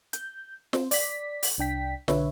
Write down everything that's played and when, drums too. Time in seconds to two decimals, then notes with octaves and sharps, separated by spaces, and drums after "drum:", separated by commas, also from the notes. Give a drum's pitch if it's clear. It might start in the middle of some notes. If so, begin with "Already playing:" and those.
0.13 G6, drum: hi-hat
0.73 C4 C5, drum: snare
0.91 D5 B6, drum: open hi-hat
1.43 drum: open hi-hat
1.58 C2 D4 G5 B6
2.08 B1 D3 D4 B4 C#5 E5, drum: snare